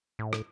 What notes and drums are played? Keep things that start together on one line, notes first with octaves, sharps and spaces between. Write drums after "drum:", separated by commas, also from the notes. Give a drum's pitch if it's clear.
A2
drum: rim click